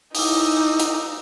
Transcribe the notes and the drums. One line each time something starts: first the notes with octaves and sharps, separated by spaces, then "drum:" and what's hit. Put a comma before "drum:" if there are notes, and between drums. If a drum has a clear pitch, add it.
D#4 E4 D6 D#6, drum: open hi-hat
drum: hi-hat